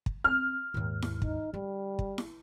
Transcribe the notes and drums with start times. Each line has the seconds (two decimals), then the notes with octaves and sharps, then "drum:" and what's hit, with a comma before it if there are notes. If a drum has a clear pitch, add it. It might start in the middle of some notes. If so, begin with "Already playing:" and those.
0.06 drum: kick
0.24 C4 F6
0.74 D#2 G#2
1.02 drum: snare E4
1.22 D#4, drum: kick
1.54 D3 G3
1.99 drum: kick
2.18 drum: snare E4